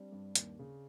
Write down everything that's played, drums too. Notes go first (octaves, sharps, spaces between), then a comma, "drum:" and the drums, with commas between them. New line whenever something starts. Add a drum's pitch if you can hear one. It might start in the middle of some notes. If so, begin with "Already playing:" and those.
Already playing: G3 C4 D4
G2
D#2, drum: hi-hat
C#3